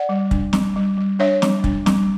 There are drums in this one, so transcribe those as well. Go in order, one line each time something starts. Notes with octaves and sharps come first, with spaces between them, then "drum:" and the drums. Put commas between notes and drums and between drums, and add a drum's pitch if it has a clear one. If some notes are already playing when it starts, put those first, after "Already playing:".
Already playing: D5 F#5
G3
D4, drum: kick
G3, drum: snare
G3
G3
D4 C#5 E5
G3, drum: snare
D4, drum: kick
G3, drum: snare